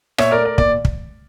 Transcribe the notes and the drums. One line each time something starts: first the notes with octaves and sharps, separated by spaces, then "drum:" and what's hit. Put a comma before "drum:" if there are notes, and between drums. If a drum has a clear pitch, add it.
A#2 C#5 E5, drum: rim click
A#4 D5
A3
A#4 D5
A#2 D5, drum: kick
drum: kick